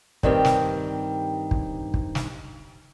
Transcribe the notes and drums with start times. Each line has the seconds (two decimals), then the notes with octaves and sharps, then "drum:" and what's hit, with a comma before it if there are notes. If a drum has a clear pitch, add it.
0.23 G2 D#3 C4 G4, drum: kick
0.45 drum: snare
1.51 drum: kick
1.94 drum: kick
2.15 drum: snare